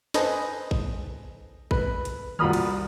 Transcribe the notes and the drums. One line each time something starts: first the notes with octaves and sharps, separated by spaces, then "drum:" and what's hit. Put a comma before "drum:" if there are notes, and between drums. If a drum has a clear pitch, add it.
A4 B4 C5 D#5 G#5, drum: snare
drum: kick A1
B4, drum: kick A1
drum: hi-hat
C2 F4 F#4 B5 D#6 F6, drum: tom D3
drum: cymbal